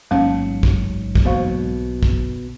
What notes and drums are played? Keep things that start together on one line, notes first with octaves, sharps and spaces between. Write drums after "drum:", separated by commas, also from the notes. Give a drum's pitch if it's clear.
A1 G#2 F#3 A#3 B3 C#4
drum: kick
drum: kick
B1 B2 E3 A#3 C5
drum: kick